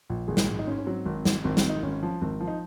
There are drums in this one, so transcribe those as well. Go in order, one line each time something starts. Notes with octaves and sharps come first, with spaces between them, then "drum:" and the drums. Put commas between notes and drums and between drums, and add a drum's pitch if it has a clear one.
A#1
G#1 G#4
drum: snare
G#2
D#4
G#2 C#4
C#4
F#3 C4
G#1
G#1, drum: snare
G#1 C4
C4, drum: snare
G#1
D#4
G#1 C#4
F3
G#1 C4
F3
D#4